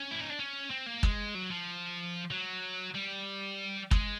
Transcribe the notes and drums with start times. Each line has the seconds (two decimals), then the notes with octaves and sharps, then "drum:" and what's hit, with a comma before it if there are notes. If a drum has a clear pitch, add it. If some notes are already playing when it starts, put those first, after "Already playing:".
Already playing: C#4
0.11 E4
0.21 D#4
0.29 D4
0.39 C#4
0.71 C4
0.87 A#3
1.03 G#3, drum: kick
1.35 F#3
1.51 F3
2.31 F#3
2.95 G3
3.91 G#3, drum: kick